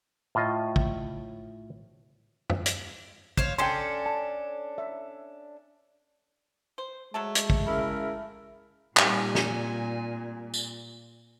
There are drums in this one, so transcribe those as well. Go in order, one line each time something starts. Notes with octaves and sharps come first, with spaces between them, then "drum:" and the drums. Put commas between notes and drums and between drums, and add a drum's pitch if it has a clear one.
A2 F4 D#5
drum: kick
drum: tom
drum: hi-hat
C5 C#5 F5, drum: kick
C#4 D4 A4 G5 G#5 C6
A5
E5
C5
F#3 G#3 A3 A5
drum: hi-hat
drum: kick
C#3 E4 A#4
A#2 G3 C4 D#4 G#5, drum: clap
drum: snare
drum: tambourine